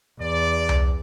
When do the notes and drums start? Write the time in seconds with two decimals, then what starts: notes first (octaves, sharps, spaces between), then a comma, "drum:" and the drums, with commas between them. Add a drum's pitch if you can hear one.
0.20 E2 D5
0.69 drum: tom C2